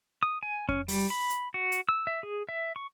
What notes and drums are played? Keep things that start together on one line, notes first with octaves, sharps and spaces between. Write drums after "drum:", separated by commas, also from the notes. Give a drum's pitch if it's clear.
D#6
G#5
C#4, drum: kick F2
G3, drum: open hi-hat
B5
drum: hi-hat
F#4
drum: hi-hat
E6
E5
G#4
E5
C#6